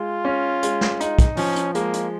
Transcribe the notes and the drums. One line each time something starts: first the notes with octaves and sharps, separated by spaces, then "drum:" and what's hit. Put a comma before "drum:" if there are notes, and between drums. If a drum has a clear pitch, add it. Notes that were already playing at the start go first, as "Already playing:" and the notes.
Already playing: G#3 F4
C#4
G#3, drum: hi-hat
drum: snare
D#4, drum: hi-hat
drum: kick, hi-hat
F3 C#4, drum: open hi-hat
drum: hi-hat
G#3 A#3, drum: hi-hat
drum: hi-hat